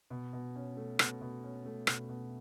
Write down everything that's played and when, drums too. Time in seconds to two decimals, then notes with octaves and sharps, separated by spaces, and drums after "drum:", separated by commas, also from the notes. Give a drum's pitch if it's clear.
0.10 B2
0.33 B2
0.55 C#4
0.77 A3
0.99 B2, drum: rim click
1.21 B2
1.43 C#4
1.65 A3
1.87 B2, drum: rim click
2.09 B2